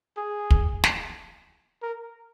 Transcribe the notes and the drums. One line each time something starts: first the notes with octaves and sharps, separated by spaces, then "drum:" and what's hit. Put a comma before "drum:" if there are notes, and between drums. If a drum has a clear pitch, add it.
G#4
drum: kick
drum: snare
A#4